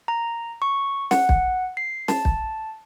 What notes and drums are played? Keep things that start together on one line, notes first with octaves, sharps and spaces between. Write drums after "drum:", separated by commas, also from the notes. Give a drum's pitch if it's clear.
A#5
C#6
F#5, drum: snare
drum: kick
C7
A5, drum: snare
drum: kick